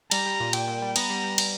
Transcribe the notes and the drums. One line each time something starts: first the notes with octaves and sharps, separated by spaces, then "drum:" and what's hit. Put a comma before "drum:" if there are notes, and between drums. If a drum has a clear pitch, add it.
G3 A#5, drum: cymbal
G3
A#2
A#2 G5, drum: cymbal
A#2
G3
B3 A#5, drum: cymbal
G3
G3
drum: cymbal